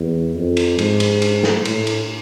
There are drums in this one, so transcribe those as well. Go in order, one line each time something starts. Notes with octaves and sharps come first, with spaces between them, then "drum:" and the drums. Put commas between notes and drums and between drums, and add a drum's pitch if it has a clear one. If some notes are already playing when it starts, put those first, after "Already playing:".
Already playing: E2
F2
drum: cymbal
G#2, drum: cymbal
drum: cymbal
drum: cymbal
drum: snare
A2, drum: cymbal
drum: cymbal